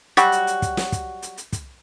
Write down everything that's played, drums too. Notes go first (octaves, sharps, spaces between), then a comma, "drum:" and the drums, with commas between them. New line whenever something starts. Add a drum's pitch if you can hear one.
F#3 G3 F#4, drum: hi-hat
drum: hi-hat
drum: hi-hat
drum: kick, hi-hat
drum: snare
drum: kick, hi-hat
drum: hi-hat
drum: hi-hat
drum: kick, hi-hat